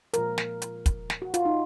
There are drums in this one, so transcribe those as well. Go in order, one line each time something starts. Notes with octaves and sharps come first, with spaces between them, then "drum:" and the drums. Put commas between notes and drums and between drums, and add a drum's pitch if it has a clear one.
A#2 F3 G#3 A#4, drum: hi-hat
drum: snare
drum: hi-hat
drum: kick, hi-hat
drum: snare
F#4
F4, drum: hi-hat
D#4